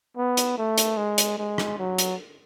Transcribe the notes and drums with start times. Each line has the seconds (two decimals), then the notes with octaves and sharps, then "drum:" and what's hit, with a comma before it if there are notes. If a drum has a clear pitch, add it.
0.17 B3
0.37 drum: hi-hat
0.58 A3
0.78 drum: hi-hat
0.97 G#3
1.18 drum: hi-hat
1.38 G#3
1.58 drum: rim click
1.79 F#3
1.98 drum: hi-hat